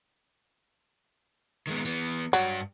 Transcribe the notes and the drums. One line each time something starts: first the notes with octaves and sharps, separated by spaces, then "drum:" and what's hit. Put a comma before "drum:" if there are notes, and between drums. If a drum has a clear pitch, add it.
D#3 G#3 B3
E3 B3, drum: tambourine
G2 F#3 D5, drum: tambourine